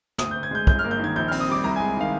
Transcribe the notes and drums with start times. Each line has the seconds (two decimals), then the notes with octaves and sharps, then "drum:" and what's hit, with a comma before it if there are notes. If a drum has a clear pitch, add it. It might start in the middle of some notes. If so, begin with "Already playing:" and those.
0.18 D2 D#6, drum: snare
0.31 G6
0.36 D2
0.43 G#6
0.51 G#3 G6
0.67 G1 G6, drum: kick
0.79 F6
0.84 A#3
0.91 G6
0.99 D#3 G#6
1.16 A#1 G6
1.28 F6
1.31 C4, drum: open hi-hat
1.40 D#6
1.48 G3 D6
1.64 C2 A#5
1.76 G#5
1.80 G#3
1.97 D#3 F5